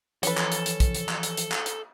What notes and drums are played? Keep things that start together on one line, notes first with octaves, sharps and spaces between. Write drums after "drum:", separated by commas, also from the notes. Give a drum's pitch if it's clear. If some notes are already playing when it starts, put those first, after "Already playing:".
E3 F3 C#4 A4 B4, drum: hi-hat
drum: clap
drum: hi-hat
drum: hi-hat
drum: kick, hi-hat
drum: hi-hat
drum: clap
drum: hi-hat
drum: hi-hat
drum: clap
drum: hi-hat